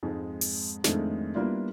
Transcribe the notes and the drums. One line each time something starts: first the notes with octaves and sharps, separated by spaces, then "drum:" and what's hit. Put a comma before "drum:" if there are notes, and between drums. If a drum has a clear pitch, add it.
F2 G#2 G#3
drum: open hi-hat
F2 A2 D#3 G#3 A3 D4, drum: snare
G3 A#3 B3 D4 E4 F4